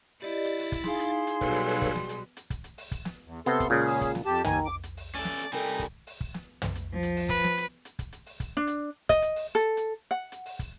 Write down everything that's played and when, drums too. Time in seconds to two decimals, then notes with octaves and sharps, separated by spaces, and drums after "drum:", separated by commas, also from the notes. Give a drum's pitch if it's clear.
0.22 E4 G4 D5 D#5 A6
0.45 drum: hi-hat
0.58 drum: open hi-hat
0.72 drum: kick, hi-hat
0.84 D#4 G#4 F5 C6, drum: snare
0.99 drum: hi-hat
1.27 drum: hi-hat
1.41 B2 F#3 G3 A4 B4 C#5, drum: kick, hi-hat
1.54 drum: hi-hat
1.68 drum: open hi-hat
1.82 drum: kick, hi-hat
1.95 drum: snare
2.09 drum: hi-hat
2.37 drum: hi-hat
2.50 drum: kick, hi-hat
2.64 drum: hi-hat
2.78 drum: open hi-hat
2.91 drum: kick, hi-hat
3.05 drum: snare
3.25 E2
3.46 C3 B3 A4 C6, drum: hi-hat
3.60 drum: kick, hi-hat
3.70 C#2 A#2 C#4 G#4
3.87 drum: open hi-hat
4.01 drum: kick, hi-hat
4.15 drum: snare
4.26 F2 G4 A5
4.44 D#2 D#3 G#5 A#5, drum: tom
4.65 D6
4.83 drum: hi-hat
4.97 drum: open hi-hat
5.15 C#4 A4 D5
5.25 drum: snare
5.38 drum: hi-hat
5.53 C3 G3 D#4 A4 A#4 G#5
5.66 drum: hi-hat
5.79 drum: kick, hi-hat
6.07 drum: open hi-hat
6.21 drum: kick
6.34 drum: snare
6.62 drum: tom
6.75 drum: hi-hat
6.94 F3
7.03 drum: hi-hat
7.17 drum: open hi-hat
7.29 B4, drum: kick, hi-hat
7.44 drum: snare
7.58 drum: hi-hat
7.85 drum: hi-hat
7.99 drum: kick, hi-hat
8.13 drum: hi-hat
8.26 drum: open hi-hat
8.40 drum: kick, hi-hat
8.57 D4
8.67 drum: hi-hat
9.09 D#5, drum: kick, hi-hat
9.22 drum: hi-hat
9.36 drum: open hi-hat
9.55 A4
9.77 drum: hi-hat
10.11 F#5
10.32 drum: hi-hat
10.46 drum: open hi-hat
10.59 drum: kick, hi-hat